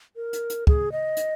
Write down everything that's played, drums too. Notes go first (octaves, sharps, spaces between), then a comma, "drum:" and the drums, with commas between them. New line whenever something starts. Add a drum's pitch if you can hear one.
A#4
drum: hi-hat
drum: hi-hat
G#4, drum: kick
D#5
drum: hi-hat